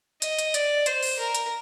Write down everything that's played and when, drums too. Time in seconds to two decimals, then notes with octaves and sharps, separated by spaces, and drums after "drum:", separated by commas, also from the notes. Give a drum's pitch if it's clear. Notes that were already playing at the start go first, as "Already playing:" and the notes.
0.22 D#5, drum: hi-hat
0.39 drum: hi-hat
0.54 D5, drum: hi-hat
0.86 C5, drum: hi-hat
1.03 drum: open hi-hat
1.19 A#4
1.35 drum: hi-hat